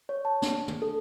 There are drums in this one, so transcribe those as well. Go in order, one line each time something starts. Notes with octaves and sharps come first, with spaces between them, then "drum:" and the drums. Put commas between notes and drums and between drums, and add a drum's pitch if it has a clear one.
C#5
A5
D4, drum: snare
drum: tom
A4